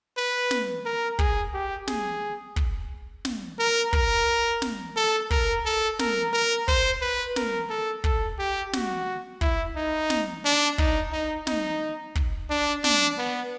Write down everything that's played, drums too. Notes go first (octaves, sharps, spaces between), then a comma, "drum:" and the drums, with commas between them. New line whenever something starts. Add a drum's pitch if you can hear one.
B4
drum: snare
A#4
G#4, drum: kick
G4
G#4, drum: snare
drum: kick
drum: snare
A#4
A#4, drum: kick
drum: snare
A4
A#4, drum: kick
A4
A#4, drum: snare
A#4
C5, drum: kick
B4
A#4, drum: snare
A4
A4, drum: kick
G4
F#4, drum: snare
E4, drum: kick
D#4
drum: snare
D4
D#4, drum: kick
D#4
D#4, drum: snare
drum: kick
D4
D4, drum: snare
B3